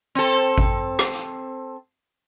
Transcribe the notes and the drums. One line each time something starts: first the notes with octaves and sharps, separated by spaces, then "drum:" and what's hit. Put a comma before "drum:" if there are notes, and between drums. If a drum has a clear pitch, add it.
C4 A4
drum: kick G#1
drum: rim click